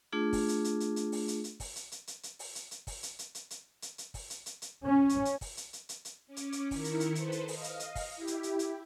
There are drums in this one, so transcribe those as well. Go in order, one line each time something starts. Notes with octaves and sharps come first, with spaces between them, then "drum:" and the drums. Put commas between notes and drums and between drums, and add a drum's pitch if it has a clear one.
A3 D4 F4 G#4
drum: kick, open hi-hat
drum: hi-hat
drum: hi-hat
drum: hi-hat
drum: hi-hat
drum: open hi-hat
drum: hi-hat
drum: hi-hat
drum: kick, open hi-hat
drum: hi-hat
drum: hi-hat
drum: hi-hat
drum: hi-hat
drum: open hi-hat
drum: hi-hat
drum: hi-hat
drum: kick, open hi-hat
drum: hi-hat
drum: hi-hat
drum: hi-hat
drum: hi-hat
drum: hi-hat
drum: hi-hat
drum: kick, open hi-hat
drum: hi-hat
drum: hi-hat
drum: hi-hat
C#4
drum: hi-hat
drum: hi-hat
drum: kick, open hi-hat
drum: hi-hat
drum: hi-hat
drum: hi-hat
drum: hi-hat
C#4 D6
drum: hi-hat
drum: hi-hat
D#3 E4 A#4 C#7, drum: kick, open hi-hat
drum: hi-hat
drum: hi-hat
A4 B4 C5, drum: hi-hat
drum: hi-hat
D#5 F5, drum: open hi-hat
drum: hi-hat
drum: hi-hat
drum: kick, open hi-hat
E4 G4
drum: hi-hat
drum: hi-hat
drum: hi-hat